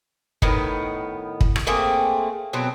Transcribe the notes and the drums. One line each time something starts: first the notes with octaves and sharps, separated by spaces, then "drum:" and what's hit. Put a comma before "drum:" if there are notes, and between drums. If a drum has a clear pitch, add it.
A2 D#3 B3, drum: kick
drum: kick
drum: rim click
A3 A#3 C4 G#4
B2 F#3 C4